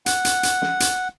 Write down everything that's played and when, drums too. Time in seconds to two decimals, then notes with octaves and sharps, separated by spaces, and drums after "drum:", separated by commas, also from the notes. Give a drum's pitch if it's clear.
0.06 F#5, drum: hi-hat
0.25 drum: hi-hat
0.43 drum: hi-hat
0.62 drum: snare
0.80 drum: hi-hat